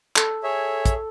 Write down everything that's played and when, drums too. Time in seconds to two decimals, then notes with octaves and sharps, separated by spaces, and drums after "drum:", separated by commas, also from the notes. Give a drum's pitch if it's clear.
0.16 A4, drum: clap
0.43 G#4 C#5 E5
0.86 drum: kick, hi-hat